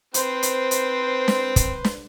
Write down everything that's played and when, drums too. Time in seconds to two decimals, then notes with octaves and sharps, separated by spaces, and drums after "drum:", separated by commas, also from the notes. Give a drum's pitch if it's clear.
0.14 C4 B4 C5, drum: hi-hat
0.43 drum: hi-hat
0.71 drum: hi-hat
1.28 drum: snare
1.56 drum: kick, hi-hat
1.84 drum: snare